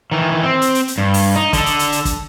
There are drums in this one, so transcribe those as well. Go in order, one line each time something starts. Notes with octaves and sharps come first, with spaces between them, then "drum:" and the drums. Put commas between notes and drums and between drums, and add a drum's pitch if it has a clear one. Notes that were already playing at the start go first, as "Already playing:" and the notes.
D#3 E3
C4
drum: hi-hat
drum: hi-hat
drum: hi-hat
G2
drum: open hi-hat
D#4
D3 A4, drum: kick, hi-hat
drum: hi-hat
drum: hi-hat
drum: hi-hat
drum: kick, hi-hat